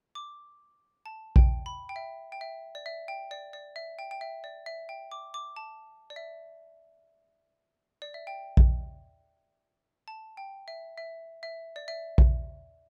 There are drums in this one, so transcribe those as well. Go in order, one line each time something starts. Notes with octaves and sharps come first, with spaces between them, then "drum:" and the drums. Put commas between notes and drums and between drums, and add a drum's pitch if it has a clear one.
D6
A5
G5, drum: kick A#1
B5
G5
E5
G5
E5
D5
E5
G5
D5
D5
E5
G5
G5
E5
D5
E5
G5
D6
D6
A5
D5
E5
D5
E5
G5
drum: kick A#1
A5
G5
E5
E5
E5
D5
E5
drum: kick A#1